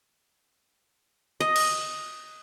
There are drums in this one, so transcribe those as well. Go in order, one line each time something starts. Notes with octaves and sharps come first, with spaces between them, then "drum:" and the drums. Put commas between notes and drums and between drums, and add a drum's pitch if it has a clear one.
D#5
drum: cymbal